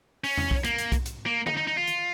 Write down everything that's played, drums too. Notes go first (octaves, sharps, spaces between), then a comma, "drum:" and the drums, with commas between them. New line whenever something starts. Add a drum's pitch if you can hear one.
C#4, drum: open hi-hat
drum: tom E2
drum: kick
A#3, drum: hi-hat
drum: hi-hat
drum: kick, hi-hat
drum: hi-hat
A#3
D#4, drum: tom D3
D#4
D#4
F4
drum: hi-hat